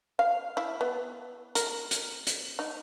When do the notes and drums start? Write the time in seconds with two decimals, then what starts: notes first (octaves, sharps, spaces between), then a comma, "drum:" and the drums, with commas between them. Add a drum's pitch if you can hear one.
0.19 F5
0.57 E4
0.81 B3
1.55 A#4, drum: hi-hat
1.91 drum: hi-hat
2.27 drum: hi-hat
2.59 D#4